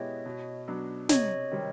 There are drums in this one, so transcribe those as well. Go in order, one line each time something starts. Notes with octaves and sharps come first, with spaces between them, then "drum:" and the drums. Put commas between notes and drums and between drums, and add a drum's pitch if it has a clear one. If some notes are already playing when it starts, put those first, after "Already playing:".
Already playing: B2 G#3 B3 E4 G4 C#5 D#5
B2
F#3 B3 D4 F#4
C3 C#5 D#5, drum: snare
D#3 G3 C4